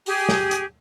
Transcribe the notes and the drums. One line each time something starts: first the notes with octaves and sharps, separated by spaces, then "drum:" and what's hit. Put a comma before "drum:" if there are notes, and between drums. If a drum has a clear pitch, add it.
G4 G#4, drum: open hi-hat
drum: snare
drum: hi-hat